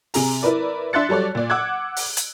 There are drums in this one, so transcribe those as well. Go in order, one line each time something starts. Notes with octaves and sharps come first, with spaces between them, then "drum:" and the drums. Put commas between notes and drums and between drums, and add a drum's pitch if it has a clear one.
C3 G#4 A#5, drum: open hi-hat
E4 A#4 B4 D5
D4 E5 C6 F#6 A6 C#7
F#3 G3 A4 C#5 D5
A#2 D5
F#5 D6 E6 F#6 G#6
drum: open hi-hat
drum: hi-hat